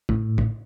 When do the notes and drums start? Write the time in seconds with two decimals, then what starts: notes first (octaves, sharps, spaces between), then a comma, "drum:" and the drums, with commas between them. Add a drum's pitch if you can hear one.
0.09 A2, drum: kick
0.38 drum: kick